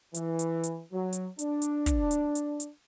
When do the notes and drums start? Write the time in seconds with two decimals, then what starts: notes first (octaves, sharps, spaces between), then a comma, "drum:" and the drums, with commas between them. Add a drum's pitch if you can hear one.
0.14 E3, drum: hi-hat
0.39 drum: hi-hat
0.63 drum: hi-hat
0.93 F#3
1.13 drum: hi-hat
1.39 D4, drum: hi-hat
1.62 drum: hi-hat
1.86 drum: kick, hi-hat
2.11 drum: hi-hat
2.35 drum: hi-hat
2.60 drum: hi-hat